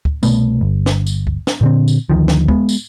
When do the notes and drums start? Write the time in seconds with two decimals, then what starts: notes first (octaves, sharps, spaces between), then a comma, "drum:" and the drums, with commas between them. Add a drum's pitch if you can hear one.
0.05 drum: kick
0.23 C2 B2 A3 B3, drum: tambourine
0.61 G1
0.86 drum: snare
1.07 drum: tambourine
1.27 drum: kick
1.47 drum: snare
1.61 A#2 D3 C4
1.88 drum: tambourine
2.10 D2 D#3 F3
2.28 drum: snare
2.48 G#3 B3, drum: kick
2.69 drum: tambourine